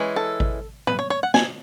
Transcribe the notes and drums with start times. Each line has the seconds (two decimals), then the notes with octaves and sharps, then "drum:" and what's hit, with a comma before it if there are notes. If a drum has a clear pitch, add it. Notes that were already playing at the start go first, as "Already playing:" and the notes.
Already playing: E3 G#3 C#4
0.16 A4
0.40 drum: kick G#1
0.87 B4, drum: tom
0.99 C#5
1.10 C#5
1.23 F#5
1.34 G#5, drum: snare